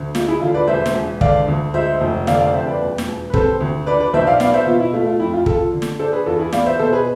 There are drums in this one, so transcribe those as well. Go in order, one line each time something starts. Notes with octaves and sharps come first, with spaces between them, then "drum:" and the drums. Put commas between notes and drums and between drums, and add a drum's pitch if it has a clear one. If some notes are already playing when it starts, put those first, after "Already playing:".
Already playing: D2
G#3 F4, drum: snare
E4 G#4
D3 F4
B4 D5
E1 C5 E5
drum: snare
E1
D3 D5 F5, drum: kick
D2
G#3 C5 E5
F1
D3 D5 F5, drum: snare
D5 F5
F2 C5 E5
B4 D5
E1
drum: snare
E1
B4
C3 A4 C5, drum: kick
D2
D4 B4 D5
B4 D5
B1 C5 E5
D5 F5
B3 D5 F5, drum: snare
C5 E5
B2 F4
E4
A3 F4
F4
F2 E4
F4
F3 F4 A4, drum: kick
D3
drum: snare
D4 A4 C5
G#4 B4
E2 F4 A4
E4 G#4
B3 D5 F5, drum: snare
C5 E5
B2 A4 C5
G#4 B4